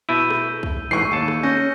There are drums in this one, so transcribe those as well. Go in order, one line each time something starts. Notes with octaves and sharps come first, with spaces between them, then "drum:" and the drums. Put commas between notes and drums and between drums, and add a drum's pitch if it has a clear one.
B2 E4 E6 G6 D#7
drum: rim click
drum: kick B1
A1 G#2 E3 C#6 C7
D#2 A5 C#7
drum: rim click
C#4 G6 A#6